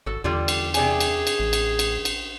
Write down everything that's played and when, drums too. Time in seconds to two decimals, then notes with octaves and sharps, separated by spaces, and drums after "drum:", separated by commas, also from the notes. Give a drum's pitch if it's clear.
0.06 G#1 F#4 A4
0.24 E2 D3 G3 F4
0.48 drum: cymbal
0.74 C3 D4 G#4 G#5, drum: cymbal
1.00 drum: cymbal
1.27 drum: cymbal
1.39 A1
1.53 drum: cymbal
1.79 drum: cymbal
2.05 drum: cymbal